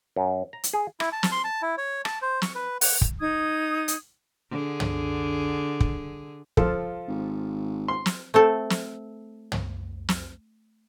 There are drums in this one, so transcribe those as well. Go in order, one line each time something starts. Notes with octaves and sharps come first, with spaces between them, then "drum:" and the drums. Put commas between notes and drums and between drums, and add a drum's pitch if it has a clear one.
F#2
A#5
drum: hi-hat
G#4
E4, drum: rim click
A5
drum: snare
C6
A5
E4
C#5
A5, drum: rim click
C5
C#6, drum: snare
B4
F#5, drum: open hi-hat
drum: kick
D#4 D#6 G#6
drum: hi-hat
D3 G#4
drum: tom
drum: kick
F3 F4 A4, drum: kick
G#1
C6
drum: snare
A3 C4 A4
drum: snare
drum: tom
drum: snare